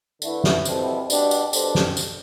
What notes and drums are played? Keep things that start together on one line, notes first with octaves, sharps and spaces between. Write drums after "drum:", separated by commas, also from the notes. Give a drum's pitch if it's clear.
D3 A3 E4 B4, drum: tambourine
drum: snare
B2 G3 C4 E4 A4, drum: tambourine
B2 G3 D4, drum: tambourine
drum: tambourine
B2 G3 D4 A4 C5, drum: tambourine
drum: snare
drum: tambourine